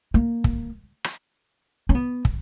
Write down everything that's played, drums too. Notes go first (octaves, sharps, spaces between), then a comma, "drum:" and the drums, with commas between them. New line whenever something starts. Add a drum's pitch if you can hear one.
A#3
drum: kick
drum: rim click
C#4
B3
drum: kick